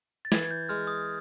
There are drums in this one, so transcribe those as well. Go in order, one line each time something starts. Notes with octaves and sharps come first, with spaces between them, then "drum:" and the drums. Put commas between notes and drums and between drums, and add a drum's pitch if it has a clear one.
A6
E3 G#6, drum: snare
G#6
G6
G#3 F6
D#6